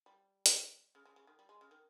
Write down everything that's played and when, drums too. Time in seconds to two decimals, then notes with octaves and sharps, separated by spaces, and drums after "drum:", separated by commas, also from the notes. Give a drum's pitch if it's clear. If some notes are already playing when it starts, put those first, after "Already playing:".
0.06 G3
0.46 drum: hi-hat
0.95 C#3
1.05 C#3
1.16 C#3
1.27 D#3
1.39 G3
1.49 G#3
1.61 C#3
1.71 D#3